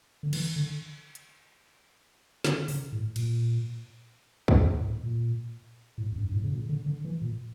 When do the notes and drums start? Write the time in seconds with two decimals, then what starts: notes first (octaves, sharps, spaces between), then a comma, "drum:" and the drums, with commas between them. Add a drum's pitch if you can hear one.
0.23 D3
0.33 E3, drum: cymbal
0.56 D3
1.15 drum: hi-hat
2.44 D3, drum: snare
2.68 C#3, drum: open hi-hat
2.92 A2
3.16 A#2, drum: cymbal
4.48 G2, drum: kick
4.57 A2
4.80 A2
5.04 A#2
5.98 A2
6.12 F2
6.16 G2
6.29 G2
6.33 A2
6.44 C#3
6.52 A#2
6.69 D3
6.86 D3
7.05 E3
7.22 A#2